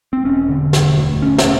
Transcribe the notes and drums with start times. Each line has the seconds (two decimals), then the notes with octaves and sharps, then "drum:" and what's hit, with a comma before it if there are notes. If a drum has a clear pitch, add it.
0.13 C4
0.25 E1 C#4
0.49 D3
0.73 E1, drum: snare
0.97 D2
1.22 E1 C#4
1.38 drum: snare